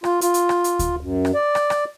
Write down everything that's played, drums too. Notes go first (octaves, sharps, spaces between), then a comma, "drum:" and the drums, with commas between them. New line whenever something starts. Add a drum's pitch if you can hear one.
F4, drum: rim click
F4, drum: hi-hat
drum: hi-hat
drum: rim click
drum: hi-hat
drum: kick D2, hi-hat
F#2
drum: rim click
D5
drum: rim click
drum: rim click